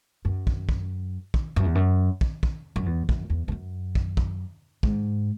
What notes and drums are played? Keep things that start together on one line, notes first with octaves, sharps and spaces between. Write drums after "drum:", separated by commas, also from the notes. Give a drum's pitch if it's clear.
F#2
drum: kick
drum: kick
drum: kick
F#2
E2
F#2
drum: kick
drum: kick
F#2
E2
F#2, drum: kick
E2
E2
F#2
drum: kick
drum: kick
G#2, drum: kick